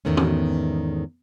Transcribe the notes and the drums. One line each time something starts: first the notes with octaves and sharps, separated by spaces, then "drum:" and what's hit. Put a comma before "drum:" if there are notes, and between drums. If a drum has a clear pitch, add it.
E2 G#2 D#3 A3 B3 C#4
drum: tom